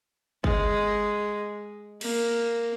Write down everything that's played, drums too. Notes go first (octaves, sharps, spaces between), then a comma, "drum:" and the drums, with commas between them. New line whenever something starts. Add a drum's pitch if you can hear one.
G#3, drum: kick G1
A#3, drum: cymbal